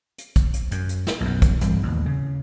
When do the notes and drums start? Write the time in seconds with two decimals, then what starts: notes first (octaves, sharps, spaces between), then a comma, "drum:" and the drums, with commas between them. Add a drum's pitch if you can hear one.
0.18 drum: hi-hat
0.36 drum: kick, hi-hat
0.54 drum: hi-hat
0.71 F#2, drum: hi-hat
0.89 drum: hi-hat
1.07 drum: snare
1.21 B1 F#2
1.42 drum: kick, hi-hat
1.61 G2 E3 G3 C4, drum: hi-hat
1.83 A1 D#2
2.06 C#3